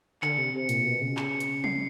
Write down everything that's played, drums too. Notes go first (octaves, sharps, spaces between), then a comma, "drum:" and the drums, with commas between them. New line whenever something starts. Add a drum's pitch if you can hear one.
D3 C#7, drum: clap
C3
C3
A#2, drum: hi-hat
B2
C#3
drum: clap
drum: hi-hat
C7, drum: tom